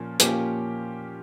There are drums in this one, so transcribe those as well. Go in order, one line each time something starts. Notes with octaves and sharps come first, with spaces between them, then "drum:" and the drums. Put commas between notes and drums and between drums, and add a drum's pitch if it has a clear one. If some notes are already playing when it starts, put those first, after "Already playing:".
Already playing: A#2 F3 A#3 C#4
A#2 F3 A#3 C#4 G4, drum: hi-hat